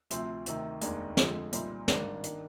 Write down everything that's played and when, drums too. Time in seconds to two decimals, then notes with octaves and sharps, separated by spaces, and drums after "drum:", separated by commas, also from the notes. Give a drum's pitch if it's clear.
0.10 D2 C3 F3 C4, drum: hi-hat
0.46 D2 C3 D#3, drum: hi-hat
0.81 F1 D#2 D#3 G#3 D4, drum: hi-hat
1.17 F2 D3 F3 G#3, drum: snare
1.52 C2 A#2 G3 C4 D#4, drum: hi-hat
1.88 G#1 G2 D#3 A#3 D4, drum: snare
2.24 D#3 A#3 D4, drum: hi-hat